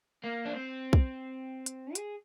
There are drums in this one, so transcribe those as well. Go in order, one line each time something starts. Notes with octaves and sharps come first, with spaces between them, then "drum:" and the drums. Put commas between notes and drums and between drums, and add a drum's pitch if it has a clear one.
A#3
D4
C4
drum: kick
drum: hi-hat
G#4, drum: hi-hat